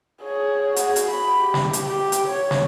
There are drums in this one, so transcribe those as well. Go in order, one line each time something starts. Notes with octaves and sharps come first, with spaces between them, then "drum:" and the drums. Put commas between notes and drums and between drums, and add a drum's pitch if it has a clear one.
G#4 C#5
F#4 G#4, drum: hi-hat
drum: hi-hat
B5
G4
drum: snare
drum: hi-hat
G4
drum: hi-hat
C#5
drum: snare